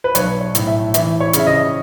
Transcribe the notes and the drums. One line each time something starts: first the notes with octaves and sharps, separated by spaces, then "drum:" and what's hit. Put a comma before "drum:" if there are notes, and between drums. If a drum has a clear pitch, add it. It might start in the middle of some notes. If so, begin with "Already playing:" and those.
B4
B1 C#5, drum: hi-hat
C#5
A2, drum: hi-hat
E5
E3 E5, drum: hi-hat
C#5
C#3, drum: hi-hat
E5
D#5